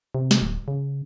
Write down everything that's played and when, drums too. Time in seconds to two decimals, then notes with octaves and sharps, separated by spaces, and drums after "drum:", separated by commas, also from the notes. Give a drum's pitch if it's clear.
0.15 C3
0.31 drum: snare
0.41 D1
0.68 C#3